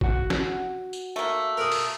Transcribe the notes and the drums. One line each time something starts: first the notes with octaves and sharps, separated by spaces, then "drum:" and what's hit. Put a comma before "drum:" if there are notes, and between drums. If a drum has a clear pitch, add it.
F#4 F#5, drum: kick
drum: snare
drum: tambourine
A3 A#3
G#4 A#4
drum: open hi-hat